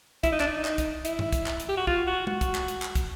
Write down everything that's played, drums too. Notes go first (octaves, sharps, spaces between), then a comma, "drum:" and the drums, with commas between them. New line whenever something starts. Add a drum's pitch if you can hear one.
E4, drum: kick, hi-hat
D#4
D4, drum: clap
D#4
drum: clap
drum: kick, hi-hat
E4, drum: hi-hat
drum: tom G2
drum: kick, hi-hat
drum: clap
drum: hi-hat
G4
F#4
F4, drum: kick
F#4
F#4, drum: tom G#3
drum: kick, hi-hat
drum: clap
drum: hi-hat
drum: clap
drum: kick, hi-hat